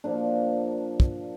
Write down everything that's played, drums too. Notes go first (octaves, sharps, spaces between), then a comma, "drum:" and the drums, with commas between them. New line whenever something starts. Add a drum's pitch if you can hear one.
A#2 F3 A#3 D4
drum: kick